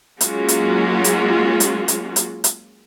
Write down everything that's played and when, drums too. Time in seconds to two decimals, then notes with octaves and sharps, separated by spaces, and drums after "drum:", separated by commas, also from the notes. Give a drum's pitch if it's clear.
0.21 F#3 G#3 A#3 C#4 F4 F#4, drum: hi-hat
0.48 drum: hi-hat
1.04 drum: hi-hat
1.60 drum: hi-hat
1.88 drum: hi-hat
2.16 drum: hi-hat
2.44 drum: hi-hat